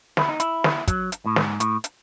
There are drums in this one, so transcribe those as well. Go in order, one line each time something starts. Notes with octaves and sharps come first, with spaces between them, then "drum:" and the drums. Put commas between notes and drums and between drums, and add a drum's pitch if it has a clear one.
E4, drum: snare
D#4
E4, drum: hi-hat
drum: snare
F#3, drum: kick, hi-hat
drum: hi-hat
A2
G#2, drum: snare
A2, drum: hi-hat
drum: hi-hat